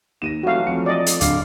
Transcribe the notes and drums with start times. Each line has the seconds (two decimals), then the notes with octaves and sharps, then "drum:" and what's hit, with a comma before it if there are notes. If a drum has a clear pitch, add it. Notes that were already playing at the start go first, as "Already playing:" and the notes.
0.22 D#2 A#6 D#7 E7
0.43 F1 E3 F#3 A3 F#4 F5
0.67 F2 C#7
0.86 D5 D#5
1.06 drum: hi-hat
1.21 D1 D3 F5 D6 C7, drum: hi-hat